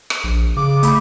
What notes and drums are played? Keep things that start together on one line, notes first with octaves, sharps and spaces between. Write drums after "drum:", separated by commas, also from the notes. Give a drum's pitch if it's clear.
drum: rim click
A#1
C#3 D6
A3 B5, drum: hi-hat